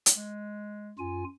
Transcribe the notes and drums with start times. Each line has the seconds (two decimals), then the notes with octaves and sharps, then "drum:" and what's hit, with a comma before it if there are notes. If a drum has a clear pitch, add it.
0.06 drum: hi-hat
0.16 G#3
0.99 F#2 F4 G#5